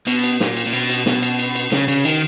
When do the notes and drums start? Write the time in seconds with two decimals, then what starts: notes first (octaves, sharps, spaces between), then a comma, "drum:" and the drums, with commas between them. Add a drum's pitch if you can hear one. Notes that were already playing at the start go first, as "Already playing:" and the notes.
0.07 B2, drum: cymbal
0.24 drum: cymbal
0.40 A#2, drum: snare
0.57 drum: cymbal
0.66 A#2
0.73 B2, drum: cymbal
0.90 drum: cymbal
1.06 B2, drum: snare
1.22 drum: cymbal
1.39 drum: cymbal
1.55 drum: cymbal
1.72 C#3, drum: snare
1.88 C#3, drum: cymbal
2.05 D#3, drum: cymbal